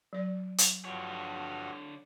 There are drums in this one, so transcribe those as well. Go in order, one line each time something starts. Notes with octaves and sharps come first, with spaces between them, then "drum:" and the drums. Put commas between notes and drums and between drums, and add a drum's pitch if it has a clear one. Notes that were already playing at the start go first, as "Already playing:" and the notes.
F#3 D5
drum: hi-hat
G2 D3 F3 F#4 C#5